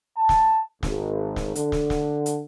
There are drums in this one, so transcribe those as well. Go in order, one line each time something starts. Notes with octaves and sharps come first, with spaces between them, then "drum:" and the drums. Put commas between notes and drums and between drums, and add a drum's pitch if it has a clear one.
A5
drum: snare
G#1, drum: snare
drum: snare
D3, drum: hi-hat
drum: snare
drum: snare
drum: hi-hat